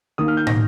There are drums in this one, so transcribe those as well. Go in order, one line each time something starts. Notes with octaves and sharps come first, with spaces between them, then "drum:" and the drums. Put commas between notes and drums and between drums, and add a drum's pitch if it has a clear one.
D#2 D#3 A#3 D#6
F6
G6
A#6, drum: tom